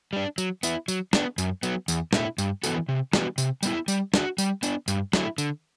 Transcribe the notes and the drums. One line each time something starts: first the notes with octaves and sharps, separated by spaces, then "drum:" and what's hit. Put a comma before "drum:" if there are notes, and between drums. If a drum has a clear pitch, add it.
G3 D4
F#3, drum: tambourine
B3 E4, drum: tambourine
F#3, drum: tambourine
B3 D4, drum: snare
F#2, drum: tambourine
F#3 B3, drum: tambourine
E2, drum: tambourine
B2 A3 E4, drum: snare
G2, drum: tambourine
E3 B3 F#4 A4, drum: tambourine
C3
E3 G3 B3 F#4, drum: snare
C3, drum: tambourine
G3 B3 E4, drum: tambourine
G3, drum: tambourine
D4 F#4, drum: snare
G3, drum: tambourine
B3 D4, drum: tambourine
G2, drum: tambourine
F#3 A3 E4, drum: snare
D3, drum: tambourine